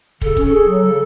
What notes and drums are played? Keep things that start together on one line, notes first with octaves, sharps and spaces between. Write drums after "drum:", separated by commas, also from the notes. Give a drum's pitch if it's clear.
C#3 A4, drum: kick
C#4, drum: kick
A4
G#4
F#3
C#3